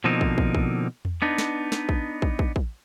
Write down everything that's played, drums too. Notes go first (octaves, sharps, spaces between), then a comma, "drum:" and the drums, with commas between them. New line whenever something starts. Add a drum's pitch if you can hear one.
B2 D3 F3 A#3 C4 D#4
drum: kick
drum: kick
drum: kick
drum: tom E2
B3 D4 D#4
drum: snare
drum: snare
drum: kick
drum: kick
drum: kick
drum: kick